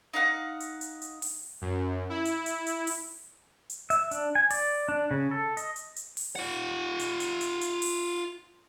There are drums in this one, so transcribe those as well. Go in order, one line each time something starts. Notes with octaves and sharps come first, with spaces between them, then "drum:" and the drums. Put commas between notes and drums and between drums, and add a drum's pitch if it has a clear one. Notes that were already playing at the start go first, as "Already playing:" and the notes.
D#4 F5 F#5
drum: hi-hat
drum: hi-hat
drum: hi-hat
drum: open hi-hat
F#2
E4
drum: hi-hat
drum: hi-hat
drum: hi-hat
drum: open hi-hat
drum: hi-hat
E5, drum: hi-hat
D4, drum: hi-hat
G#5
D5, drum: open hi-hat
D4
C#3
A4
D#5, drum: hi-hat
drum: hi-hat
drum: hi-hat
drum: open hi-hat
F4 F#5
drum: hi-hat
drum: hi-hat
drum: hi-hat
drum: hi-hat
drum: open hi-hat